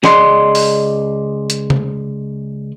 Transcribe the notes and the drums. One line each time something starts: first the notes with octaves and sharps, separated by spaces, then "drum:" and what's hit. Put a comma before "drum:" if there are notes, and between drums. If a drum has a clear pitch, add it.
C#2 G#4 D5 D#5 C6, drum: snare
drum: open hi-hat
drum: hi-hat
drum: tom C3